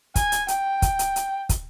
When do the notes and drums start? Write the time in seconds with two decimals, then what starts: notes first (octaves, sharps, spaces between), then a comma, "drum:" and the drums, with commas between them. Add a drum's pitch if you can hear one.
0.16 G#5, drum: kick, hi-hat
0.32 drum: hi-hat
0.48 G5, drum: hi-hat
0.82 drum: kick, hi-hat
0.99 drum: hi-hat
1.16 drum: hi-hat
1.49 drum: kick, hi-hat